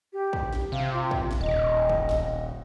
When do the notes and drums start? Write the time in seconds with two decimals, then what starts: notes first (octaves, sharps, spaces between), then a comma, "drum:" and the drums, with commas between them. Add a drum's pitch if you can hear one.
0.13 G4
0.33 drum: kick
0.53 drum: snare
0.72 C3 F5
0.93 F4
1.11 drum: kick
1.31 drum: snare
1.41 D#1 D#5
1.89 drum: kick
2.09 drum: snare